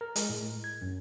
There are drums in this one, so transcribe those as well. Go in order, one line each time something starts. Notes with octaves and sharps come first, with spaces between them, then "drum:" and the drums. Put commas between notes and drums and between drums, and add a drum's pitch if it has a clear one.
A#4
G#3, drum: hi-hat
A2
G#6
F#2